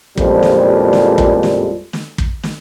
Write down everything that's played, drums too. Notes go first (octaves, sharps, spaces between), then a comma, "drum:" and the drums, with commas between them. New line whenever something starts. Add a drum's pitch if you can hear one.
A1 F2 A#2 F3 G3 G#3, drum: kick
drum: snare
drum: snare
drum: kick
drum: snare
drum: snare
drum: kick
drum: snare